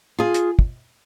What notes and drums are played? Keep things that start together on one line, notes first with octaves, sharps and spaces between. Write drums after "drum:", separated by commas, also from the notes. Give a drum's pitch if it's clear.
F4 G#4
drum: hi-hat
drum: kick